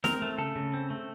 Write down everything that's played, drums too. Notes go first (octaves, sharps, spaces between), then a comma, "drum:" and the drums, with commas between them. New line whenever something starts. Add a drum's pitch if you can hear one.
C4 A#4, drum: snare
A3
C#3 A4
C#3
C4
A3